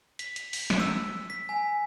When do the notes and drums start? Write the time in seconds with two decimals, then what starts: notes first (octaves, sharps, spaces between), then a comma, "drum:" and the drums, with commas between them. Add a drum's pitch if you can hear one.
0.19 B6, drum: hi-hat
0.36 drum: hi-hat
0.53 drum: open hi-hat
0.70 drum: snare
0.80 E6
1.30 B6
1.49 G#5